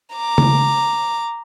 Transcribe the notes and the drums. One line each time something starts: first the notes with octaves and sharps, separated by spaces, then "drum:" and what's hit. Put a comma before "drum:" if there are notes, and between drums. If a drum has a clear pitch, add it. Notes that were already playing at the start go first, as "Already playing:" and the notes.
A#5 D6
drum: tom C#3